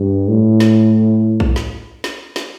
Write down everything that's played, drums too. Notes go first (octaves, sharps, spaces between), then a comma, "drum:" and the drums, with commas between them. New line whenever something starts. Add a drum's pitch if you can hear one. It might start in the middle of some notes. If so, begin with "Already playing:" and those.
Already playing: G2
A2
drum: snare
drum: kick A#1
drum: snare
drum: snare
drum: snare